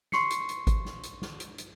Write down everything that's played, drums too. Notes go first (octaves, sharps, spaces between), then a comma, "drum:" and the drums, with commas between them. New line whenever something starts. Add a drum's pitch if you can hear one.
C6 C#6 C7 C#7, drum: snare
drum: hi-hat
drum: hi-hat
drum: kick G#1, hi-hat
drum: snare
drum: hi-hat
drum: snare
drum: hi-hat
drum: hi-hat